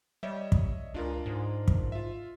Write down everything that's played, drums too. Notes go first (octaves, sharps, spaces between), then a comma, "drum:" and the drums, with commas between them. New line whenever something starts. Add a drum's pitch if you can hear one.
G3 C#5 D#5 E5
drum: kick
C#2 D4 F4 A#4
G#2
drum: kick
F4 E5